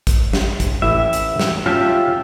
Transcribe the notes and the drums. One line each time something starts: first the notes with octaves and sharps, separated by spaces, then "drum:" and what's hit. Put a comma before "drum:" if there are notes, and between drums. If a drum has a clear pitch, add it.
drum: kick, hi-hat
drum: snare
drum: kick, hi-hat
A1 E4 G4 E5
drum: hi-hat
drum: snare
C#4 F4 G4 E5 A5